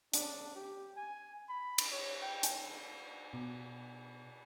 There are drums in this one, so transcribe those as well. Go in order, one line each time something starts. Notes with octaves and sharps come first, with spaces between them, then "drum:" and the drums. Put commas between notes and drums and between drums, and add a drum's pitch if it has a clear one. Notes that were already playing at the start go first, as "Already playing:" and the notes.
D4, drum: hi-hat
G4
G#5
B5
drum: cymbal
C#5
G5
drum: hi-hat
B2